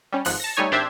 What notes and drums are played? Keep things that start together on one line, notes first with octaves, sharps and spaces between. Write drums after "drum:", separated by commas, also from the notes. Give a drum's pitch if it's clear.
G3 C#4
G#1 G#2 F3 F#6, drum: open hi-hat
A5 A#6
G3 A3 D#4 C#5 G#5
G#1 D4 G4 C5 E5 G#6